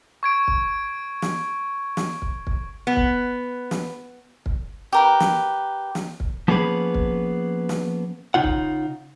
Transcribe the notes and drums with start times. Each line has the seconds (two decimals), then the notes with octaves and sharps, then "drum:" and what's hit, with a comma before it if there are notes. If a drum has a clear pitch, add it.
0.23 C#6 G#6 D7
0.48 drum: kick
1.22 drum: snare
1.97 drum: snare
2.22 drum: kick
2.47 drum: kick
2.87 B3
2.96 drum: kick
3.71 drum: snare
4.46 drum: kick
4.92 G4 A#4 B4
5.20 drum: snare
5.95 drum: snare
6.20 drum: kick
6.48 F3 A#3 B3 C#4 G#4 B4
6.95 drum: kick
7.69 drum: snare
8.34 C#3 D#4 F4 F#5
8.44 drum: kick